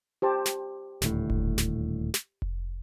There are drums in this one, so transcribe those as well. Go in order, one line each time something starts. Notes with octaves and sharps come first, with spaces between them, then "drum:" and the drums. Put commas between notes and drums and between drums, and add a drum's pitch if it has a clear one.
G4 C5 A5
drum: snare
D#1 D2 A2, drum: snare
drum: kick F1
drum: snare
drum: snare
drum: kick F1